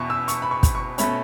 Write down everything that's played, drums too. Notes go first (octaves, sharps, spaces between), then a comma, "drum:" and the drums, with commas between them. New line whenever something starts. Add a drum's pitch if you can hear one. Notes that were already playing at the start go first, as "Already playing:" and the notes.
Already playing: E2 B2 B3 E5 C#6
E6
C#6, drum: hi-hat
B5
C#6
drum: kick, hi-hat
C#6
B2 A3 C#4 B5, drum: hi-hat